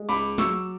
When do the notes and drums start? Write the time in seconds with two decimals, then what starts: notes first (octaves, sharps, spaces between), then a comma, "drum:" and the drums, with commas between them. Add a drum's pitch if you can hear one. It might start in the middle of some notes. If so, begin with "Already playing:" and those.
Already playing: G#3
0.09 C#2 B5 D6, drum: cymbal
0.38 F#3 C#6 E6, drum: snare